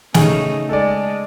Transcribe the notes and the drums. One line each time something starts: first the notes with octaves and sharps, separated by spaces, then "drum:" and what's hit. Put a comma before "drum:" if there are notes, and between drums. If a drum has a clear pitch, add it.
C#3 A3 D#4 G#4, drum: snare
G#3 A4 D5